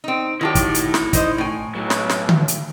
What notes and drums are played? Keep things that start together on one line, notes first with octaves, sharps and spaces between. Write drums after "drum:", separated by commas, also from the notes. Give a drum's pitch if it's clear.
C4 D#4
D#3 F#3 E4 G4 A5
drum: kick, hi-hat
drum: hi-hat
drum: snare
D#4 C5 D#5, drum: kick, hi-hat
A2 G#5
B1 F#3
drum: snare
drum: snare
drum: tom D3
drum: hi-hat